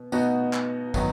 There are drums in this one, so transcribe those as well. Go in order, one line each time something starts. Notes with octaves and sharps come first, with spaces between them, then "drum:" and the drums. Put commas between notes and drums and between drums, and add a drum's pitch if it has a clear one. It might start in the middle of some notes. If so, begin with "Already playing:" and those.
Already playing: B2 B3
B2 B3 D#4 F#4, drum: tambourine
drum: clap
D#3 F#3 B3, drum: kick, tambourine